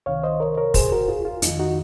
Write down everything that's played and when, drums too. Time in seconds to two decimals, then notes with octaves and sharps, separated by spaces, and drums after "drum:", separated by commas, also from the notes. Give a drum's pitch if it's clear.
0.06 C2 C3 D#3 C#5 F5
0.23 C5 D#5
0.40 A#4 C#5
0.57 A#4 C#5
0.74 G#4 C5, drum: kick, open hi-hat
0.92 F#4 A#4
1.08 F4 G#4
1.25 F4
1.42 F2 D#3 D#4, drum: hi-hat
1.59 D#4 F#4